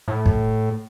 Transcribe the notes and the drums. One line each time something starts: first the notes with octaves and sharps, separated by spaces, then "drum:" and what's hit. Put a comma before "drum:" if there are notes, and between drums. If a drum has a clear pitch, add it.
A2
drum: kick